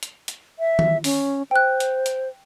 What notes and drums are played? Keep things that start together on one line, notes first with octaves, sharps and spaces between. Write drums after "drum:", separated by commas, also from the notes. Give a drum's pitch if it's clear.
drum: hi-hat
drum: hi-hat
E5
drum: tom D#3
C#4, drum: open hi-hat
C5 G5 F#6
drum: hi-hat
drum: hi-hat